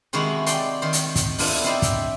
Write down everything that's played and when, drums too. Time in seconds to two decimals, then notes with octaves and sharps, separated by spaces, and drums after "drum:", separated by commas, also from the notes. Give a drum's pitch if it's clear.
0.13 C3 D#3 G#3 E4 F#4 A#5
0.46 D5 G5 A5 C6, drum: hi-hat
0.82 D#3 C5
0.93 drum: hi-hat
1.16 drum: kick, hi-hat
1.38 B3 D4 E4 F4, drum: open hi-hat
1.64 C4 D#4 E4 C5 D5 E5
1.82 E5 G5, drum: kick, hi-hat